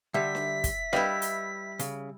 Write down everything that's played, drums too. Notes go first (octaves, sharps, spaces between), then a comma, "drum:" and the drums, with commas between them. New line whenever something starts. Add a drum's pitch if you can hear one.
D3 G3 E5 B6
drum: snare D4
drum: kick, hi-hat
G3 E4 B4 D#5 F5, drum: snare D4
drum: hi-hat
C#3, drum: hi-hat